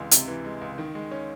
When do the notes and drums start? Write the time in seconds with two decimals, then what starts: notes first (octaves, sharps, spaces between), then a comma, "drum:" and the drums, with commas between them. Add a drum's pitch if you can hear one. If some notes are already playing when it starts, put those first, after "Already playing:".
Already playing: C#2 C3 E3 G#3
0.11 C3, drum: hi-hat
0.28 E3
0.45 G#3
0.61 C#2
0.78 D#3
0.95 G#3
1.11 C#4